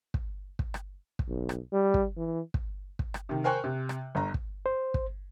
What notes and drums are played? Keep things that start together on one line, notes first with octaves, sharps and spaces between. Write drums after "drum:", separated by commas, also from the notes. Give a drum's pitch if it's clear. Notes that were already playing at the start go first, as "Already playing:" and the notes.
drum: kick
drum: kick
drum: rim click
drum: kick
B1
drum: rim click
G3
drum: kick
E3
drum: kick
drum: kick
drum: rim click
C3 D#3
A#4 C5 G5 G#5 C#6 F#6
C3
drum: rim click
G1 A#5
drum: kick
C5
drum: kick